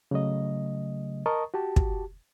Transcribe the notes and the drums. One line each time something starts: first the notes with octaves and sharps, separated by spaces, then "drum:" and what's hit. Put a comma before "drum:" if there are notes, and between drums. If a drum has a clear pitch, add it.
C#3 F#3 A3 D#5
A#4 D#5 A5 A#5 C#6 D#6
F#4 G4 A5
drum: kick